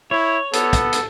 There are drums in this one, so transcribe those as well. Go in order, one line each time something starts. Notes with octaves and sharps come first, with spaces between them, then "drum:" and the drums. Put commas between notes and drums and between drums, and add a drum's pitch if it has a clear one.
E4 C#5
B3 A4, drum: hi-hat
drum: kick, hi-hat
drum: hi-hat